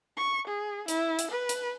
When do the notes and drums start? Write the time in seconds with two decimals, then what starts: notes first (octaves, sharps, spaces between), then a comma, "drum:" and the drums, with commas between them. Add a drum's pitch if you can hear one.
0.17 C#6
0.47 G#4
0.88 E4, drum: hi-hat
1.19 drum: hi-hat
1.31 B4
1.49 drum: hi-hat